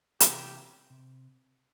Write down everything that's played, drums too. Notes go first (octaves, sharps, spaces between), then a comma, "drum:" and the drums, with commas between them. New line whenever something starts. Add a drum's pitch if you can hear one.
C3 E3 G4, drum: hi-hat
C3